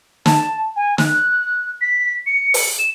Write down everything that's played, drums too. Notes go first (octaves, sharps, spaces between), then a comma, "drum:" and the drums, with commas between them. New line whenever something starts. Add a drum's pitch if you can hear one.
A5, drum: snare
G#5
F#6, drum: snare
B6
C#7
drum: open hi-hat
E7